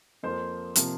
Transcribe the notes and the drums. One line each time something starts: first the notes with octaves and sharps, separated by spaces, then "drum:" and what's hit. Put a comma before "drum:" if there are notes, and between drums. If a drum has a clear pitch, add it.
F2 F3 A#3 C5
C3 F3 A#3, drum: hi-hat